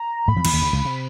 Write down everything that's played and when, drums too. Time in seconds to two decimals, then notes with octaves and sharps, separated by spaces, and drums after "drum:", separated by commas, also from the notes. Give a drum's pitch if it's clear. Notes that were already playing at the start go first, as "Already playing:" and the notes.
Already playing: A#5
0.28 A2 A3 B5
0.36 F2 F3
0.45 E2 E3, drum: cymbal
0.53 D#2 D#3
0.62 D2 D3
0.73 C#2 C#3
0.85 C3